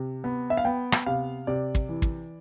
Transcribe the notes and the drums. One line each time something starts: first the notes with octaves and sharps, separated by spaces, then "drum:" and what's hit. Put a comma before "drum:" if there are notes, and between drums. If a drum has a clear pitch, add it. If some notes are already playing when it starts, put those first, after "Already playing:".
Already playing: C3
B3
E5
F5
B3 G5
drum: rim click
C3 F5
C3 D5
drum: kick
E3
drum: kick